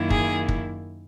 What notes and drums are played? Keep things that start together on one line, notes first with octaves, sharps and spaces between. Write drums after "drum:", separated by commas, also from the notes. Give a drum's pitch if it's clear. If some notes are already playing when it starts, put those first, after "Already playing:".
Already playing: F#2 D#3 A#3 E4
G#4, drum: kick
drum: kick